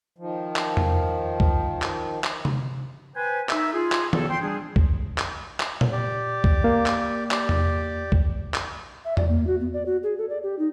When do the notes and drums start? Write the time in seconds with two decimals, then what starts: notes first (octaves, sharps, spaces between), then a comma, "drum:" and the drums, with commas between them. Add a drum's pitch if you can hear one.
0.18 D#3 F3
0.56 drum: clap
0.77 drum: tom E2
1.40 drum: kick
1.82 drum: clap
2.24 drum: clap
2.45 drum: tom C3
3.15 B4 C5 G5 G#5
3.49 D#4 A#4 E5, drum: clap
3.74 F4 G#4
3.92 drum: clap
4.13 C#3 F3 C4 F#4 A4, drum: tom
4.29 G5 C6
4.41 G3 D4 G#4
4.76 drum: kick
5.18 drum: clap
5.60 drum: clap
5.81 drum: tom A#2
5.92 G4 D5
6.44 drum: kick
6.64 A#3
6.86 drum: clap
7.31 G4 D5, drum: clap
7.49 drum: tom E2
8.12 drum: kick
8.54 drum: clap
9.05 E5
9.17 D5, drum: tom E2
9.29 A#3
9.47 F#4
9.60 B3
9.73 D5
9.86 F#4
10.03 G#4
10.18 A4
10.29 D5
10.43 G4
10.59 D#4